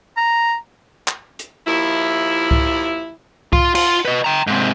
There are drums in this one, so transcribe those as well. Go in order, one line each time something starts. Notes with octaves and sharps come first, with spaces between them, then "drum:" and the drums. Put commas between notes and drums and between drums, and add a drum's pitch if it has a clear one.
A#5
drum: clap
drum: hi-hat
D#2 F3 E4
drum: kick C2
F4, drum: kick C2
F4, drum: cymbal
B4 D#5
G5 A#5
G#2 C3